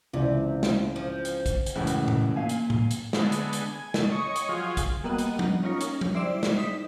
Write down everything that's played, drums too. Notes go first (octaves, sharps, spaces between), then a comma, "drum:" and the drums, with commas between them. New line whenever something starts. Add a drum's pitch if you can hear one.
C#2 C3 E3 D5
drum: snare
F3
drum: hi-hat
drum: kick, hi-hat
drum: hi-hat
C#2 F#2 A2 E3 G#3
drum: hi-hat
drum: tom A2
A#2 F5 G#5
drum: hi-hat
drum: tom A2
drum: hi-hat
D3 G#3 B3, drum: snare
drum: hi-hat
drum: hi-hat
G#5
C#3 A3, drum: snare
C#5 D#5 C#6
drum: hi-hat
F3 F#3 F4 G#4
drum: kick, hi-hat
G3 A#3 B3 F#4 D#5 F#5
drum: hi-hat
drum: tom
C#4 D#4 F4 A#4 C#5
drum: hi-hat
drum: tom
G3 E4 C5 D5 E7
drum: snare
D#4 B6 E7